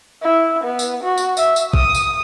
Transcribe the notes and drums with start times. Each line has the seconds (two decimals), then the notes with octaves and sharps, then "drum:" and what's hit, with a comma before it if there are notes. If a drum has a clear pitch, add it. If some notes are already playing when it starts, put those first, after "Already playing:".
0.22 E4
0.63 B3
0.79 drum: tambourine
1.03 F#4
1.18 drum: tambourine
1.37 E5, drum: tambourine
1.56 drum: tambourine
1.74 D#6, drum: kick
1.95 drum: tambourine